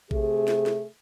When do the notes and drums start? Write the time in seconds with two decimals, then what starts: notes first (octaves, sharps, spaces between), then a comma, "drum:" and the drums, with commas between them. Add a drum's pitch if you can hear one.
0.11 C3 A3 G4 G#4, drum: kick A#1
0.48 drum: snare
0.66 drum: snare